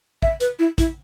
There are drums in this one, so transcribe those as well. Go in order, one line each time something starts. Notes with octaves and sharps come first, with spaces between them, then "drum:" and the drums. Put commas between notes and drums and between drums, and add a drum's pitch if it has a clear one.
E5, drum: kick
B4, drum: hi-hat
E4
E4, drum: kick, hi-hat